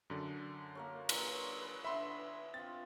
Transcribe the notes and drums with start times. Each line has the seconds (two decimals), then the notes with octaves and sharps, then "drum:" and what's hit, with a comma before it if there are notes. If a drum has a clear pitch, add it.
0.10 F#2 D3
0.75 A#3 A#4 C#5
1.09 C#5 G#5 C6, drum: cymbal
1.61 B4
1.84 D3 E4 E5 B5 C6
2.54 C4 F4 A6